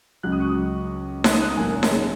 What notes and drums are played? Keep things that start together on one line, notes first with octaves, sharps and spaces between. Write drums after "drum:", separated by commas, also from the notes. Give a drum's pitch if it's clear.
C#2 C#3 F#3 F#6
D#6
C#6
D#6
F#6, drum: snare D#4
D#6
F#6
A#5
G#1 F#2 C#3 A#3 G#5
A#4
C#5
A#4, drum: snare D#4
G#4